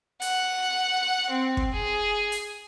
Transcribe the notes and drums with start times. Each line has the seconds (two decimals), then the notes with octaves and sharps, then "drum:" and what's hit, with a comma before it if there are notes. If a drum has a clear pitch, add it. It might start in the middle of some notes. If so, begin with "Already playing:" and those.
0.22 F#5, drum: hi-hat
1.30 C4
1.57 drum: kick
1.73 G#4
2.32 drum: hi-hat